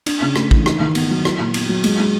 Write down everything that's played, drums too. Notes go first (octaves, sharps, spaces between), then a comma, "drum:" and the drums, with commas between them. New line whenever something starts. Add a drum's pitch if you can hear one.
D4, drum: cymbal
C#3
A3, drum: rim click
E3, drum: kick
D#4, drum: rim click
D#3
B3, drum: cymbal
F#3
E4, drum: rim click
A#2
B3, drum: cymbal
F#3
G#3, drum: cymbal
G#3